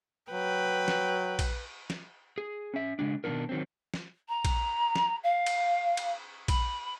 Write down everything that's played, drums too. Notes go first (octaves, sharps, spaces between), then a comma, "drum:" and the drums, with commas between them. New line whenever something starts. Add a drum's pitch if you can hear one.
F#3 B4 G5
drum: snare
drum: kick A#1, cymbal
drum: snare
G#4
C#4 E5
C#3 G#3 D4
B2 D#3 A3 D4 D#4 A#4
D#3 F#3 C4
drum: snare
A#5
drum: kick A#1, cymbal
drum: snare
F5
drum: cymbal
drum: cymbal
B5, drum: kick A#1, cymbal